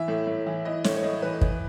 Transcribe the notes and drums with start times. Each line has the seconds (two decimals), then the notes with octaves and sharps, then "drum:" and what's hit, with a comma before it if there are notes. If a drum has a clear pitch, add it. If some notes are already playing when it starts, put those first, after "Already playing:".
Already playing: E3 E5
0.08 A2
0.27 A2
0.47 E3
0.65 E3 D#5
0.84 A2 C#5, drum: snare
0.96 C#5
1.03 A2 D#5
1.22 E3 B4
1.41 E3, drum: kick